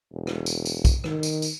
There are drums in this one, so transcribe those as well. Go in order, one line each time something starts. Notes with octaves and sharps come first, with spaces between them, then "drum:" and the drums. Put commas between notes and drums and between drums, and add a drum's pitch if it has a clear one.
E1
drum: rim click
drum: tambourine
drum: tambourine
drum: kick B1, tambourine
D#3, drum: rim click
drum: tambourine
drum: tambourine